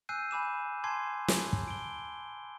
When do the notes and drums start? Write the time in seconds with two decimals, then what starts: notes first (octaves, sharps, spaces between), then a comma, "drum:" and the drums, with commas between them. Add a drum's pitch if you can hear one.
0.09 G#5 E6 F#6 G6 C7 D#7
0.31 G#5 B5 D6 E7
0.84 G#5 A5 C6 D6 G#6 C7
1.28 drum: snare
1.53 drum: kick
1.68 D7 G7